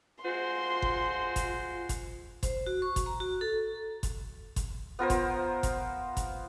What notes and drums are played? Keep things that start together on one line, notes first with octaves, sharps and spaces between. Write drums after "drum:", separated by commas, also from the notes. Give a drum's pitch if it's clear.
G#3 F4 F#4 C5 C6
drum: kick G1
drum: kick G1, hi-hat
drum: kick G1, hi-hat
C5, drum: kick G1, hi-hat
F#4
C#6
drum: kick G1, hi-hat
A#5
F#4
A4
drum: kick G1, hi-hat
drum: kick G1, hi-hat
B3 F4 A#4 C5
drum: kick G1, hi-hat
drum: kick G1, hi-hat
drum: kick G1, hi-hat